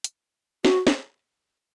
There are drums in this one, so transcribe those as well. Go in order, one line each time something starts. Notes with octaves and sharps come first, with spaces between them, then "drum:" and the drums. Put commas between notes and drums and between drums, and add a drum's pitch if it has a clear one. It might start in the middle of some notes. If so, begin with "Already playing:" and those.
drum: hi-hat
F#4, drum: snare
drum: snare